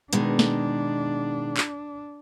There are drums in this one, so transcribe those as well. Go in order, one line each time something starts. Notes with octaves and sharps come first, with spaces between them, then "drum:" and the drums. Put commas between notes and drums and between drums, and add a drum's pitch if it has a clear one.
B2 D#3 G#3 D4, drum: hi-hat
drum: snare
drum: clap